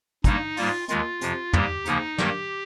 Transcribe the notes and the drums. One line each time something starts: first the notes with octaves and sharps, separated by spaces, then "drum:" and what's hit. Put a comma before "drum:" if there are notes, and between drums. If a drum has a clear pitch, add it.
G2 G3 A#3 D#4, drum: kick, hi-hat
G#2 G3 A#3 F4, drum: open hi-hat
D#2 D#3 G#3 F4, drum: hi-hat
F2 C3 F3, drum: hi-hat
G#2 G3 A#3 G4, drum: tom
D#2 C#3 F3 A#3 D#4, drum: hi-hat
G2 D#3 G3 A#3 G4, drum: snare